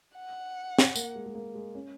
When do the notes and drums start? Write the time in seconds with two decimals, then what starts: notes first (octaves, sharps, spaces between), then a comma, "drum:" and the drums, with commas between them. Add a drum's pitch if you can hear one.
0.15 F#5
0.79 drum: snare
0.96 A#3, drum: tambourine
1.15 G#3
1.26 G#3
1.35 A#3
1.55 G#3
1.75 C#4